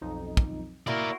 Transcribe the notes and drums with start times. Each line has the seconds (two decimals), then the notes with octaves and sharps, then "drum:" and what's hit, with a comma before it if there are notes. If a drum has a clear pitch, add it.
0.01 B1 F2 D#4
0.37 drum: kick
0.87 A#3 E4 F#4 A#4 D5 C6